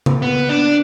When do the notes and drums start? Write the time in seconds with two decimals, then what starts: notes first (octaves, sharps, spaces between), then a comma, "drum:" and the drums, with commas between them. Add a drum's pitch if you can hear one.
0.06 drum: tom C#3
0.22 B3
0.49 D4